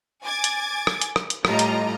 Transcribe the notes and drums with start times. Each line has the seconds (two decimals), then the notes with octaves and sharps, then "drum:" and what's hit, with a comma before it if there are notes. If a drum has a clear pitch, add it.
0.24 G#5 D6 G#6 A6
0.44 drum: hi-hat
0.87 drum: rim click
1.01 drum: hi-hat
1.16 drum: rim click
1.30 drum: hi-hat
1.45 A2 G3 F4 A4 D#5 A#5, drum: rim click
1.59 drum: hi-hat